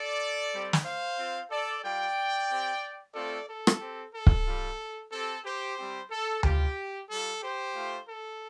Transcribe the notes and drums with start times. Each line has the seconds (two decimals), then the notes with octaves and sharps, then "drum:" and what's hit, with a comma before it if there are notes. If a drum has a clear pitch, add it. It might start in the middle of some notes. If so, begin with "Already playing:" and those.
Already playing: A4 D5
0.53 G3 C4 G4
0.73 drum: snare
0.84 C5 F5
1.17 C4 F4
1.50 A4 D5
1.83 G3 F4 D5 G5
2.49 C4 G4
3.14 A3 C4 F4 A4 D5
3.47 A4
3.67 drum: rim click
3.80 C4 G4
4.14 A4
4.27 drum: kick
4.46 G3 F4
5.11 C4 G4 A4
5.44 G4 C5
5.77 G3 C4 G4
6.10 A4
6.43 G3 F4 G4, drum: tom D2
7.09 G3 F4 A4
7.42 G4 C5
7.75 A3 F4
8.07 A4